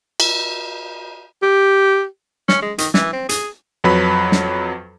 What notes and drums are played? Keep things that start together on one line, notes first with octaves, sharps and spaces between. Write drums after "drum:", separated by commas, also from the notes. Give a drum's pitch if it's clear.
drum: cymbal
G4
C#4, drum: snare
G#3
D#3, drum: hi-hat
E3, drum: snare
C4
G#4, drum: hi-hat
F2 F#3 B4 B5
drum: snare